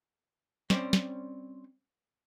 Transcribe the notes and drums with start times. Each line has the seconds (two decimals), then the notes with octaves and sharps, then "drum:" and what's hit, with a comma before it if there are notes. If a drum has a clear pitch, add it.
0.70 G3 C4 C#4 C5 D5, drum: snare
0.93 drum: snare